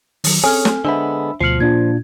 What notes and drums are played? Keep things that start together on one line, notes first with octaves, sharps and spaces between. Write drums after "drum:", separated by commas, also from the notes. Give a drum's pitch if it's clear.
D#3 F#3, drum: open hi-hat
C4 C#4 G#4 A4 G#5 F6
drum: snare
D3 G#3 B3 D4 C5 E5 B5 E6
D2 B2 F3 F6 C7 C#7 F#7
A#2 D4 F4 G#6